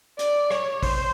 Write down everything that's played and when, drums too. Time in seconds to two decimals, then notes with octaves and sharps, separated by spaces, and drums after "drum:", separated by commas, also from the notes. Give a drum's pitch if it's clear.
0.19 D5, drum: hi-hat
0.50 C#5, drum: rim click
0.83 C5, drum: kick, open hi-hat